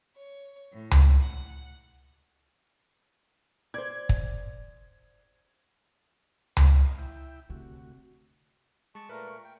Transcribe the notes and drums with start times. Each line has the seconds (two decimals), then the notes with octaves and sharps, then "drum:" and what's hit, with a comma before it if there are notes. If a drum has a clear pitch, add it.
0.15 C#5
0.75 A2
0.91 drum: tom C#2
1.18 F#5
3.74 C5 D5 G#6
4.09 drum: kick
6.57 drum: tom C#2
6.68 D#5 F5
6.98 E4 E5 G5
7.50 D2 C3 F#4
8.95 G#3 A5 C#6
9.09 A#2 A3 A#4 B4 A#5
9.27 C#6
9.44 G5